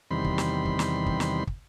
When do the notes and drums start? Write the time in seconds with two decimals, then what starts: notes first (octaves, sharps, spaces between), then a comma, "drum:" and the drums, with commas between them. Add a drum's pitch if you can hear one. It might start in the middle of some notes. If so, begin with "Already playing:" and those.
0.11 E2 C3 D#3 G3 B5 C6
0.24 drum: kick
0.38 drum: snare
0.65 drum: kick
0.79 drum: snare
1.06 drum: kick
1.20 drum: snare
1.47 drum: kick